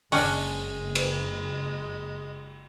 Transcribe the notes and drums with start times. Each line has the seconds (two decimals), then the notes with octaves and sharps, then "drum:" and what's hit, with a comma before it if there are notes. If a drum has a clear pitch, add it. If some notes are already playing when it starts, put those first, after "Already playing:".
0.12 F#1 G#3 C#4 D4 F#5 C#6, drum: open hi-hat
0.95 drum: cymbal